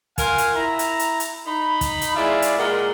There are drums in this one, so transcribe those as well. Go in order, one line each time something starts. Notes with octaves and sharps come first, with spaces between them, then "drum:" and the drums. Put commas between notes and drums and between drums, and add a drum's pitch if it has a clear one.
F4 A#4 F5 F#5 G#5, drum: kick, hi-hat
drum: hi-hat
E4 A#5
drum: hi-hat
drum: hi-hat
drum: hi-hat
D#4 B5
drum: kick, hi-hat
drum: hi-hat
G#3 E4 F4 D5
drum: hi-hat
A#2 G#3 A#4 D5 F#5